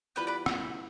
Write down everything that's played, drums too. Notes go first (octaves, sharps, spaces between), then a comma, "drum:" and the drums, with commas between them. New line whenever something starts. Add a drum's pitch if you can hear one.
E3 G3 B3 F4 G4 B4
B4 D5
drum: rim click